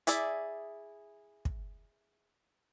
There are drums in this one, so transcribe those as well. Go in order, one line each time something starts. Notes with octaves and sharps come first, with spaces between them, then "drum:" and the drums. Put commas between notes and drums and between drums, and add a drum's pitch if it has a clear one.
E4 G#4 D5 E5, drum: hi-hat
drum: kick